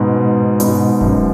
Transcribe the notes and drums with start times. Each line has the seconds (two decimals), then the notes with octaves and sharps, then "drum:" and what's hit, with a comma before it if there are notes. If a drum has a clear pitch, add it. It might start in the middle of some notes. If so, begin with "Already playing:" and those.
Already playing: G#2 B2
0.60 G#2 B2, drum: hi-hat
1.01 F#2, drum: kick D#1